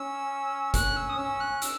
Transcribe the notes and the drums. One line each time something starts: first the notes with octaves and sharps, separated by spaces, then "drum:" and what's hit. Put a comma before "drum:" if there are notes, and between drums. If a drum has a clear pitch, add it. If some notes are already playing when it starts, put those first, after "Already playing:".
Already playing: C#4 E6
C#4 F#6, drum: kick, hi-hat
E6
D#6
C#4 E6
F#6
E6, drum: hi-hat